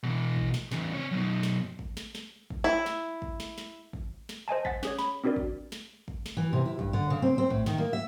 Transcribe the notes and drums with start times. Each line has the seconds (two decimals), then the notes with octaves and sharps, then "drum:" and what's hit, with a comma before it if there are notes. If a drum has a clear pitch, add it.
0.03 B2 E3
0.36 drum: kick
0.54 drum: snare
0.71 E2 C#3, drum: snare
0.94 C4 C#5
1.11 F#2 B2
1.43 drum: snare
1.79 drum: kick
1.97 drum: snare
2.15 drum: snare
2.50 drum: kick
2.64 E4
2.86 drum: snare
3.22 drum: kick
3.40 drum: snare
3.58 drum: snare
3.93 drum: kick
4.29 drum: snare
4.48 C5 D#5 G#5 A5
4.65 F#5 A6 B6, drum: kick
4.83 C#4 G#4 C#5, drum: snare
4.99 B5, drum: snare
5.24 C4 D4 F#4 A#4 D5
5.36 drum: kick
5.72 drum: snare
6.08 drum: kick
6.26 drum: snare
6.37 E3
6.53 C3
6.66 E4
6.79 G2, drum: kick
6.93 D3
7.10 C#3
7.22 C4
7.38 C4
7.50 A2, drum: kick
7.66 D#3, drum: snare
7.78 A#3
7.93 E5